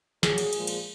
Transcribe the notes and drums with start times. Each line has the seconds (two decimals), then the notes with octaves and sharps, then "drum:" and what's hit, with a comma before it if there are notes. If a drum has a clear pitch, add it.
0.23 A#2 F#3 G#4, drum: snare
0.38 drum: cymbal
0.53 A#2 F3 G#3, drum: cymbal
0.67 drum: cymbal